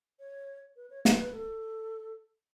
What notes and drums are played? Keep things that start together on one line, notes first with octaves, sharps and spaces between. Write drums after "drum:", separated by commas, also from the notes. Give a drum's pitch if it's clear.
C#5
B4
C#5
B4, drum: snare
B4
A4